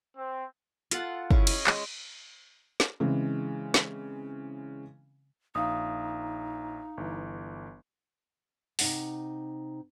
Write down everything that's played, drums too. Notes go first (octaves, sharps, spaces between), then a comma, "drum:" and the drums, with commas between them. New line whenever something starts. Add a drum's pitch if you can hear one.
C4
F4 A4 F#5 C6, drum: hi-hat
C#4 E4 G#4, drum: kick
D#5 B5, drum: cymbal
G#3, drum: clap
drum: snare
C#3 E3 G#3 C4
drum: snare
A#1 D#4 F5 D#6
G1 E3
C3 D#4 F#5, drum: open hi-hat